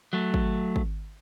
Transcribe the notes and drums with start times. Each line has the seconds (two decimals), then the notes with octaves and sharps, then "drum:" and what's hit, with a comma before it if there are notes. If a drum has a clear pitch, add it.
0.13 F#3 A3
0.34 drum: kick
0.76 drum: kick